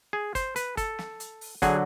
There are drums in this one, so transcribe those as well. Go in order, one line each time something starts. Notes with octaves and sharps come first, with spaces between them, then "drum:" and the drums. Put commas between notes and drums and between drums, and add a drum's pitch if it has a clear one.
G#4
C5, drum: kick, hi-hat
B4, drum: hi-hat
A4, drum: kick, hi-hat
drum: snare
drum: hi-hat
drum: open hi-hat
D3 F#3 G#4, drum: kick, hi-hat